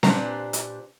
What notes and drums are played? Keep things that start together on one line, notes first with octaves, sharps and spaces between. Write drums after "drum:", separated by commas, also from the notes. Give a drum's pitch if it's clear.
A#2 D4 G4 B4 C5 A#5, drum: snare C4
drum: hi-hat